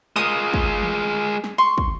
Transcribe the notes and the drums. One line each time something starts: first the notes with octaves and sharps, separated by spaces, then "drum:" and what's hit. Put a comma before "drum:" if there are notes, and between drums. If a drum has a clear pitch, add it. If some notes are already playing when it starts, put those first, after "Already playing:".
G#3 F4 A#4 D#6
drum: kick
drum: tom E3
drum: snare
C6 C#6
drum: kick